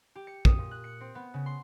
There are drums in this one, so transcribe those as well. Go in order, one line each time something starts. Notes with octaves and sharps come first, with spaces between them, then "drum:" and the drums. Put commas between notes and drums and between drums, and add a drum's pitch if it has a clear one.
G4
C#7
D#6, drum: kick
A#2
F#6
C#7
C4
B3
C#3
C6